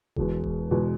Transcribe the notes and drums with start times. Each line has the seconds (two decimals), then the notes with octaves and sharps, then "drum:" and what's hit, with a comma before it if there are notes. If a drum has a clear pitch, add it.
0.16 E1 E2 B2 G#3, drum: kick E1
0.44 drum: kick E1
0.71 E2 B2 G#3